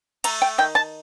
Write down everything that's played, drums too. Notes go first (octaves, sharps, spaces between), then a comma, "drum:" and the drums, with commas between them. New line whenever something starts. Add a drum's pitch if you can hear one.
A3 A#5, drum: cymbal
G5
D#3 G5
A5